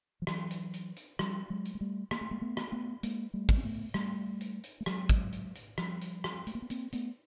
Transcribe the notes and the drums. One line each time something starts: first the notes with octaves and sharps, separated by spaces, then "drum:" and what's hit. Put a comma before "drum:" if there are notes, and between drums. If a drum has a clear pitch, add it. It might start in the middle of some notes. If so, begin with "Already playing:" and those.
F3
E3 F#3, drum: rim click
drum: hi-hat
drum: hi-hat
drum: hi-hat
F3 G3, drum: rim click
F#3 G#3
drum: hi-hat
G#3
G3 A3
A#3, drum: rim click
A3
G#3 A#3
A3 B3
drum: rim click
A3 B3
G#3 A#3, drum: hi-hat
G3 A3
drum: kick, open hi-hat
C4
A3 B3
G3 A3, drum: rim click
drum: hi-hat
drum: hi-hat
A3
F#3 G#3, drum: rim click
drum: kick, hi-hat
drum: hi-hat
drum: hi-hat
F3 G3, drum: rim click
drum: hi-hat
drum: rim click
A3, drum: hi-hat
A#3
B3
A#3 C4, drum: hi-hat
A3 B3, drum: hi-hat